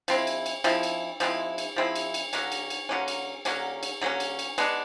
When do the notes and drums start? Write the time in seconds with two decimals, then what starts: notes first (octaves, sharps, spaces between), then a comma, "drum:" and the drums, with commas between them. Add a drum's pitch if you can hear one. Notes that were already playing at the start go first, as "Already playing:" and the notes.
0.08 F3 G#3 C4 E4, drum: cymbal
0.27 drum: cymbal
0.46 drum: cymbal
0.64 F3 G#3 C4 E4, drum: cymbal
0.83 drum: cymbal
1.20 F3 G#3 C4 E4, drum: cymbal
1.58 drum: cymbal
1.76 F3 G#3 C4 E4
1.96 drum: cymbal
2.14 drum: cymbal
2.33 D3 F#3 A#3 C#4, drum: cymbal
2.52 drum: cymbal
2.70 drum: cymbal
2.89 D3 F#3 A#3 C#4
3.08 drum: cymbal
3.45 D3 F#3 A#3 C#4, drum: cymbal
3.83 drum: cymbal
4.01 D3 F#3 A#3 C#4
4.20 drum: cymbal
4.39 drum: cymbal
4.58 G#3 B3 D4, drum: cymbal